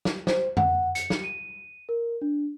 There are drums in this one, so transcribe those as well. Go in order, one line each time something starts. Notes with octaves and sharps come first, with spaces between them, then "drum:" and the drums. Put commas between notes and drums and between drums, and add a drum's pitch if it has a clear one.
drum: snare
C5, drum: snare
F#5, drum: tom F2
C#7, drum: hi-hat
drum: snare
D#7
A#4
D4